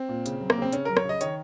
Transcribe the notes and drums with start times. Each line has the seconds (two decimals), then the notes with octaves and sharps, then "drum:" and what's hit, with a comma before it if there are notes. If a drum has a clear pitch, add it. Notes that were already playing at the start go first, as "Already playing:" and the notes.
Already playing: C4
0.09 A#2
0.26 C#3, drum: hi-hat
0.41 F#3
0.50 A#3, drum: rim click
0.58 C#3 C4
0.72 C#3 C#4, drum: hi-hat
0.85 F#3 A#4
0.97 C#5, drum: rim click
1.05 C#3 D#5
1.21 D#3 C#5, drum: hi-hat